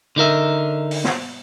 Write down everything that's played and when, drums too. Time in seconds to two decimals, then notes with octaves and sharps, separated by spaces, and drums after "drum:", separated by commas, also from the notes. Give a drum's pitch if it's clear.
0.16 D3 D#4 A#4 E5
0.91 drum: open hi-hat
1.04 drum: snare